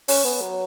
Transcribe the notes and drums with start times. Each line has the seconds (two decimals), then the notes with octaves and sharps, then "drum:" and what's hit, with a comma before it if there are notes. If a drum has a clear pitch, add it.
0.08 C#4, drum: open hi-hat
0.24 B3
0.41 F#3